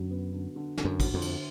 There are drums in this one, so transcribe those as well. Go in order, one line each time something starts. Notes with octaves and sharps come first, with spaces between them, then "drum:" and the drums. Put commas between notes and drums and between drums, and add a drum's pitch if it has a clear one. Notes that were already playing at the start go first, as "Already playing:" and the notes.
Already playing: F#2 D3 F#3
B3
D3
D3
D3, drum: snare
F#2
F#4, drum: kick, cymbal
F2
D3, drum: cymbal